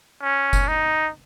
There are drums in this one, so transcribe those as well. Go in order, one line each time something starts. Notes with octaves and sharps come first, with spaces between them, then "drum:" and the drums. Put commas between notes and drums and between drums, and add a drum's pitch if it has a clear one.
C#4
drum: kick F#1, tambourine
D#4